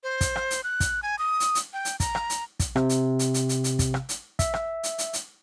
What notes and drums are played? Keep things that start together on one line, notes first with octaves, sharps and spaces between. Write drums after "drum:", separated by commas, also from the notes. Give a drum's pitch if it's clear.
C5
drum: kick, hi-hat
drum: rim click
drum: hi-hat
F#6
drum: kick, hi-hat
G#5
D#6
drum: hi-hat
drum: hi-hat
G5
drum: hi-hat
A#5, drum: kick, hi-hat
drum: rim click
drum: hi-hat
drum: kick, hi-hat
C3, drum: rim click
drum: hi-hat
drum: hi-hat
drum: hi-hat
drum: hi-hat
drum: hi-hat
drum: kick, hi-hat
drum: rim click
drum: hi-hat
E5, drum: kick, hi-hat
drum: rim click
drum: hi-hat
drum: hi-hat
drum: hi-hat